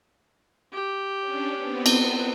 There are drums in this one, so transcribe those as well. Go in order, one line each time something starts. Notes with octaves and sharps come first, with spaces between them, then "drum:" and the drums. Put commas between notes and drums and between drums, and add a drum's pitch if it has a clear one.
G4
C#4 D4
B3 C4
drum: cymbal